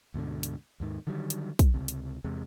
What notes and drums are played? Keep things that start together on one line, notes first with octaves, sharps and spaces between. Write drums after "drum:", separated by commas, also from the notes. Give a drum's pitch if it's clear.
D2 G#2 B2 D3
drum: hi-hat
D#2 G#2 D#3
D3 D#3 F#3 G3
drum: hi-hat
drum: kick, hi-hat
C#2 C3
drum: hi-hat
E2 C3 G#3